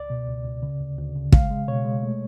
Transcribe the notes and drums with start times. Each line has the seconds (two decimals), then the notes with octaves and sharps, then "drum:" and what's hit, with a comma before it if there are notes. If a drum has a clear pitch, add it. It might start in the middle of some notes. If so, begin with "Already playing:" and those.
Already playing: C#2 D5
0.10 B2
0.28 C#2
0.45 C#2
0.63 C#3
0.80 D2
0.98 D2
1.15 C#3
1.32 G#3 F5, drum: kick
1.51 G#3
1.68 B2 C#5
1.85 G#3
2.03 A3